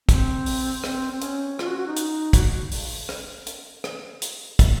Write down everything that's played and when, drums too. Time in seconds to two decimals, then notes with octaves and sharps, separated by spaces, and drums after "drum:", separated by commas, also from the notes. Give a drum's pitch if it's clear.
0.09 C4, drum: kick, hi-hat
0.46 drum: open hi-hat
0.84 C4, drum: rim click
1.11 C4
1.21 C#4, drum: hi-hat
1.59 F4, drum: rim click
1.67 F#4
1.78 F#4
1.87 D#4
1.96 drum: hi-hat
2.33 F#4, drum: kick, hi-hat
2.71 drum: open hi-hat
3.09 drum: rim click
3.46 drum: hi-hat
3.84 drum: rim click
4.22 drum: hi-hat
4.59 drum: kick, hi-hat